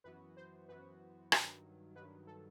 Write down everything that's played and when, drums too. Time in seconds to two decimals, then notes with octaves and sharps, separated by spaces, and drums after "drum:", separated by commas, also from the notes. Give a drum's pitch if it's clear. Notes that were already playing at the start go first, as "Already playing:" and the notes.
0.04 F#2 E3 B3 F#4 B4
0.37 C5
0.69 F#2 E3 B3 F#4 B4
1.32 G2 D#3 F#3, drum: rim click
1.96 G2 D#3 F#3 B4
2.27 A4